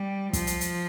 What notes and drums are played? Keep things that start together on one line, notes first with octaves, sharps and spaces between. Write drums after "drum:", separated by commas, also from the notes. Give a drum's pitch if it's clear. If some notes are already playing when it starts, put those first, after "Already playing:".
Already playing: G3
F3, drum: kick, hi-hat
drum: hi-hat
drum: hi-hat